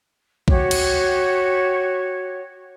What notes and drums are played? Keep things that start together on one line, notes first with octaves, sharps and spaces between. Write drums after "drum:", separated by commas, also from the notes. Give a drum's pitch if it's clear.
F#4 G4 C#5, drum: kick A#1
drum: cymbal